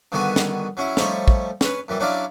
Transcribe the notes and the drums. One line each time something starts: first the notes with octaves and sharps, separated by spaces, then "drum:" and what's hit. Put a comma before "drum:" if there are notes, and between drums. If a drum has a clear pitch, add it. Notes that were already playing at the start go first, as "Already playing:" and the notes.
G2 D3 D#3 B3 F#4 G#5
drum: snare
F#3 C#4 E4
F3 G3 A3 D#4 C5 C#5, drum: snare
drum: kick
C#4 B4, drum: snare
F#2 E3 G3
F#3 C#4 D4 E4 D5 F5